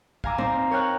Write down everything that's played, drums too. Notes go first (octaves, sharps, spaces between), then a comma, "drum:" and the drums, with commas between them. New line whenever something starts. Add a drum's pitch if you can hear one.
F5 G#5 A#5 D6 E6, drum: kick
C4 D#4 C5 D5 A#5, drum: tom
A#4 C#5 G5 F6 F#6